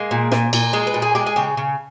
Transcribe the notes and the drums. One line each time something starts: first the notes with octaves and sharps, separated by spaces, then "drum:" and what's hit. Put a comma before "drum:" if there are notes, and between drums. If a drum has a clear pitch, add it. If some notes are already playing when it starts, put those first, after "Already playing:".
Already playing: G#3 A#3
A#2
A#2, drum: snare
A#2, drum: cymbal
G#3 G#4
B4
A#2
G#4
G#3 G4
G#4
C#3 G4
C#3